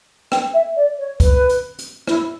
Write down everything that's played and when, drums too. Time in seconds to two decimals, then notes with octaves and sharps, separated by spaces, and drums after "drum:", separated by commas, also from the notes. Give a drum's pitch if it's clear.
0.32 G5, drum: rim click
0.54 E5
0.76 D5
0.99 C#5
1.20 B4, drum: kick, hi-hat
1.49 drum: hi-hat
1.79 drum: hi-hat
2.07 E4, drum: rim click